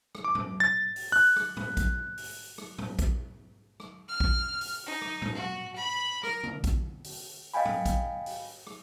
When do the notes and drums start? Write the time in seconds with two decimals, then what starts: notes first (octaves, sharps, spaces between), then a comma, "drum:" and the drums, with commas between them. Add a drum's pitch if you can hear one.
0.15 drum: rim click
0.24 D6
0.35 drum: tom G#2
0.60 A6
0.96 drum: open hi-hat
1.12 F#6
1.36 drum: rim click
1.57 drum: tom G#2
1.77 drum: kick A#1, hi-hat
2.18 drum: open hi-hat
2.58 drum: rim click
2.78 drum: tom G#2
2.99 drum: kick A#1, hi-hat
3.80 drum: rim click
4.09 F6
4.20 drum: kick A#1
4.61 drum: open hi-hat
4.85 D#4
5.01 drum: rim click
5.22 drum: tom G#2
5.35 F#4
5.75 B5
6.23 A#4, drum: rim click
6.43 drum: tom C3
6.64 drum: kick A#1, hi-hat
7.04 drum: open hi-hat
7.54 D#5 F5 G5 G#5 B5
7.65 drum: tom G#2
7.85 drum: kick A#1, hi-hat
8.26 drum: open hi-hat
8.67 drum: rim click